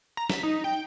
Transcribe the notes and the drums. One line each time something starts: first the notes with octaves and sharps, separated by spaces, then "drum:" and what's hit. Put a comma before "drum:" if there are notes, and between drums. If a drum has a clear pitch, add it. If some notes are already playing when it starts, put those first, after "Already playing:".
A#5
B6, drum: snare
D#4
G5